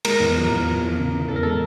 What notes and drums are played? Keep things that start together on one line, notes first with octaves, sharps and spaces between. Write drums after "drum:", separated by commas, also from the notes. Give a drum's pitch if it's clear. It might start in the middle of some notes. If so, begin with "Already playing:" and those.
G#3 A#4, drum: cymbal
E2
F3
E2
F3
E2
C#3
C#3
E2 A4
A#4
G#3 A4